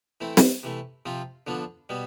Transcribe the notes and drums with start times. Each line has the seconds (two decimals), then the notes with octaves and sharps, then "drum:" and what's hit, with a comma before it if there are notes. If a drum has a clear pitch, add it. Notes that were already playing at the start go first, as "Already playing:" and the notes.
0.21 E3 A3 C4 E4
0.37 drum: snare
0.63 C3 E3 A3
1.06 C3 F3 C4 F4
1.47 D3 F3 B3 D4
1.89 B2 G3 B3